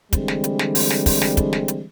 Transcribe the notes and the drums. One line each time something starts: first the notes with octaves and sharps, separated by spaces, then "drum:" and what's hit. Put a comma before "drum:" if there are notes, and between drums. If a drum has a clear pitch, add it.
D3 E3 G3 G#3 C4, drum: kick, hi-hat
drum: snare
drum: hi-hat
drum: snare
drum: open hi-hat
drum: snare
drum: kick, open hi-hat
drum: snare
drum: kick, hi-hat
drum: snare
drum: hi-hat